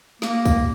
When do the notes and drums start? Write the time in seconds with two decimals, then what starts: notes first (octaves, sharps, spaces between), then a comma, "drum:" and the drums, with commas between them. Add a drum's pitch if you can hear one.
0.22 A#3, drum: snare
0.45 drum: kick, tambourine